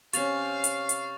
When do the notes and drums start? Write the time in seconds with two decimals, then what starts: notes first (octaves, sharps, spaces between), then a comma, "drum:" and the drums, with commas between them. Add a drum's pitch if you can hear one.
0.13 C3 C#4 F5 C#6 A6 F7, drum: hi-hat
0.64 drum: hi-hat
0.89 drum: hi-hat